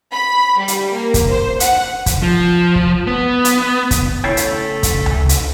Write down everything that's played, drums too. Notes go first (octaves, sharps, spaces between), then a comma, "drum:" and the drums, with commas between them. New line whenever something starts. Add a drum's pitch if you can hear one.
B5
G3
drum: hi-hat
A#3
drum: kick, hi-hat
C5
F#5, drum: hi-hat
drum: kick, hi-hat
F3
drum: kick
B3
drum: hi-hat
drum: kick, hi-hat
C#3 A3 E4 A4 C#5 G5
drum: hi-hat
drum: kick, hi-hat
drum: tom C#2
drum: hi-hat